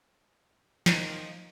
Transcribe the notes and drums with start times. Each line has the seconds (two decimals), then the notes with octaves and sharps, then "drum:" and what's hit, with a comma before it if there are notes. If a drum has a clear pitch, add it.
0.86 D#3 F3 A#3 D#4, drum: snare